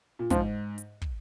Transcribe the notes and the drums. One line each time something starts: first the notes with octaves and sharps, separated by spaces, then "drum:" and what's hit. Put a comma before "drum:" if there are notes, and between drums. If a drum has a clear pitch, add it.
A#2
G#2 F3, drum: kick, hi-hat
drum: hi-hat
drum: kick